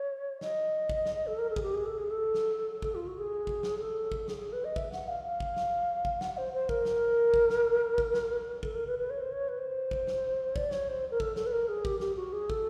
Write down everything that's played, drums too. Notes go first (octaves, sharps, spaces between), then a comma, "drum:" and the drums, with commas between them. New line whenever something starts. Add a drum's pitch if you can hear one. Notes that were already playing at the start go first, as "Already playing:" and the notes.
Already playing: C#5
D#5, drum: snare
drum: kick
drum: snare
A4
A#4
A4
G#4, drum: kick
G4
G#4
A4
G#4
A4
drum: snare
A4, drum: kick
F4
F#4
G#4
drum: kick
drum: snare
A4
drum: kick
G#4, drum: snare
G#4
B4
D#5
E5, drum: kick
F#5, drum: snare
F5
F5
drum: kick
drum: snare
drum: kick
F#5, drum: snare
C5
C5
A#4, drum: kick
drum: snare
drum: kick
drum: snare
drum: kick
drum: snare
A4, drum: kick
A#4
B4
B4
C#5
C5
C#5
B4
C5
drum: kick
drum: snare
D5, drum: kick
C#5, drum: snare
C5
A#4
A4, drum: kick
A4, drum: snare
B4
A#4
G#4
G4, drum: kick
G4, drum: snare
F#4
G#4
A4, drum: kick